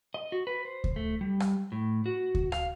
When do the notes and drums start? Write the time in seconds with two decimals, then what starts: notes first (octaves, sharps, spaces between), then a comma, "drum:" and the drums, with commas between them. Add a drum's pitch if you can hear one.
0.14 D#5
0.32 F#4
0.47 B4
0.65 C5
0.84 drum: kick D2
0.96 A3
1.21 G3
1.40 drum: rim click
1.72 A2
2.06 F#4
2.35 drum: kick D2
2.52 F5, drum: rim click